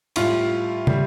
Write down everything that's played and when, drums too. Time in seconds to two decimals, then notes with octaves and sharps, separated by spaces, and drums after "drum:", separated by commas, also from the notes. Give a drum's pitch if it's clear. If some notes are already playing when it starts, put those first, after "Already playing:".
0.16 A2 G3 F4, drum: cymbal
0.87 G3, drum: tom